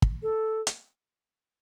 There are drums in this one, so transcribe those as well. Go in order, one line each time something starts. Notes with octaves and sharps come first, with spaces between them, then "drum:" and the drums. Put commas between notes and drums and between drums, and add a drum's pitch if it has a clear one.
drum: kick
A4
drum: hi-hat